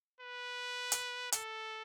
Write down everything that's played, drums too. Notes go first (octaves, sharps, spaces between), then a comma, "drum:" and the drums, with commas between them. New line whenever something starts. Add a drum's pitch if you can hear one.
B4
drum: hi-hat
A4, drum: hi-hat